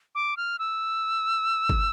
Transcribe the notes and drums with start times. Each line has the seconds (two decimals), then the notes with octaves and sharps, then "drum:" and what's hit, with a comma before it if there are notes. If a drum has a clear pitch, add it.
0.15 D6
0.37 F6
0.59 E6
1.70 drum: kick